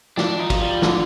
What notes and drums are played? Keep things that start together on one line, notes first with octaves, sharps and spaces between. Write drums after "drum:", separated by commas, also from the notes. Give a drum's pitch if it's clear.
F3 D4, drum: snare
D#4
F4, drum: kick, cymbal
G3
D3 F3, drum: snare